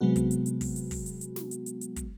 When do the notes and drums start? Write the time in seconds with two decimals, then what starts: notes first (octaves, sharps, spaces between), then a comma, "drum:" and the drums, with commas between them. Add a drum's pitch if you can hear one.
0.01 C3 F#3 G#3 B3 F#4
0.16 drum: kick, hi-hat
0.31 drum: hi-hat
0.46 drum: hi-hat
0.61 drum: kick, open hi-hat
0.76 drum: hi-hat
0.91 drum: kick, open hi-hat
1.06 drum: hi-hat
1.21 drum: hi-hat
1.36 drum: snare
1.51 drum: hi-hat
1.66 drum: hi-hat
1.81 drum: hi-hat
1.96 drum: kick, hi-hat